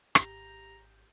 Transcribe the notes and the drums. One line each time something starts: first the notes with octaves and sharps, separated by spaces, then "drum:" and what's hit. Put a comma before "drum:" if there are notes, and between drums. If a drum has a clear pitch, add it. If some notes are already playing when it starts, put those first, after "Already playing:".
G#1 G4 A#5 G6, drum: rim click